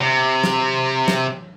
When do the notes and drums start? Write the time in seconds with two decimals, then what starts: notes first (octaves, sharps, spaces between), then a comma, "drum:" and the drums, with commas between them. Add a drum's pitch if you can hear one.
0.01 C3
0.44 drum: snare
1.08 drum: snare